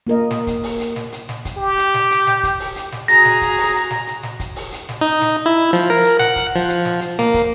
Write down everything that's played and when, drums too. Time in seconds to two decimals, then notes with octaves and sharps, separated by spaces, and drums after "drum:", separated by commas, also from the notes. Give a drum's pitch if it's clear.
0.07 A#3 F4 A#4 D#5
0.31 drum: snare
0.47 drum: kick, hi-hat
0.63 drum: open hi-hat
0.80 drum: hi-hat
0.96 drum: snare
1.12 drum: hi-hat
1.29 drum: snare
1.45 drum: kick, hi-hat
1.58 G4
1.78 drum: hi-hat
1.94 drum: snare
2.11 drum: hi-hat
2.27 drum: snare
2.43 drum: kick, hi-hat
2.60 drum: open hi-hat
2.76 drum: hi-hat
2.92 drum: snare
3.08 F#4 G#4 A#5 A#6, drum: hi-hat
3.25 drum: snare
3.41 drum: kick, hi-hat
3.58 drum: open hi-hat
3.74 drum: hi-hat
3.90 drum: snare
4.07 drum: hi-hat
4.23 drum: snare
4.40 drum: kick, hi-hat
4.56 drum: open hi-hat
4.72 drum: hi-hat
4.89 drum: snare
5.01 D#4
5.21 drum: snare
5.46 E4
5.73 F3, drum: hi-hat
5.90 A#4
6.03 drum: hi-hat
6.19 F#5, drum: snare
6.36 drum: kick, hi-hat
6.56 F3
6.69 drum: hi-hat
6.85 drum: snare
7.01 drum: hi-hat
7.19 A#3, drum: snare
7.34 drum: kick, hi-hat